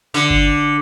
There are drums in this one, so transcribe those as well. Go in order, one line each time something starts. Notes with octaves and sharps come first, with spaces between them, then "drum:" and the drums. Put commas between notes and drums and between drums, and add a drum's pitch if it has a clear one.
D3, drum: snare
drum: kick G1